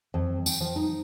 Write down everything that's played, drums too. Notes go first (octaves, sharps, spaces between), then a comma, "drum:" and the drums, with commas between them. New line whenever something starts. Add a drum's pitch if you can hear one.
F2
G5, drum: tambourine
F3
D#4